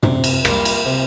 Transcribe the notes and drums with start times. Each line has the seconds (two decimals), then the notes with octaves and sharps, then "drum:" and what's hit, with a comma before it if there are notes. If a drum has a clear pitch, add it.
0.03 C3, drum: tom
0.24 drum: cymbal
0.45 G3 A#3 F4 A#4, drum: rim click
0.65 drum: cymbal
0.86 C3